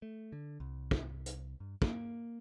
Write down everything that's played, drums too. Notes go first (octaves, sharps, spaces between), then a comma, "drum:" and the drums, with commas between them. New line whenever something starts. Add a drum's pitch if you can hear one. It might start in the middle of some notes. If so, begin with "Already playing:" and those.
A3
D3
C2
drum: kick
drum: hi-hat
G2
A#3, drum: kick